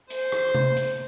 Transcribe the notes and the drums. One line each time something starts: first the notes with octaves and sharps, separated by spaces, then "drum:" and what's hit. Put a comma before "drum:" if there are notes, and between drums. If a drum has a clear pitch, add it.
C5, drum: hi-hat
drum: rim click
drum: tom C3
drum: hi-hat